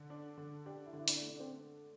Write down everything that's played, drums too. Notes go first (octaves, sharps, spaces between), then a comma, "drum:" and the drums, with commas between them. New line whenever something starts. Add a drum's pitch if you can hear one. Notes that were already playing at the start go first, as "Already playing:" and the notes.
Already playing: D3
D4
D3
D4 G4
E4
D3
E4
D4, drum: open hi-hat
A3
D4
C4